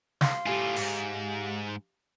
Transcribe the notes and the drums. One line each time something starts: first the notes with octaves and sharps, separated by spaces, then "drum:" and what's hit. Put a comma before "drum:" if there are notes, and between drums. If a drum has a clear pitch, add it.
F5 C6, drum: snare
A2 F4 G4 F5 G#5
G#2, drum: open hi-hat